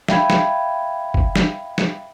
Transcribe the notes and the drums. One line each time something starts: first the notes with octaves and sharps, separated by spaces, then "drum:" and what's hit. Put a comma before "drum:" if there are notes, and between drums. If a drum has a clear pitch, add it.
E5 F5 G5 B5 G#6, drum: snare
drum: snare
drum: kick
drum: snare
drum: snare